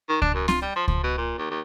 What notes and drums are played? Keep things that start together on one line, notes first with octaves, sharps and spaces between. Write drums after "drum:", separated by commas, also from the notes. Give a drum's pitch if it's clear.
D#3
D4, drum: kick C#2
F#2
F4, drum: snare C4
G3
F3
F3, drum: kick C#2
B2
A#2
D#2
D#2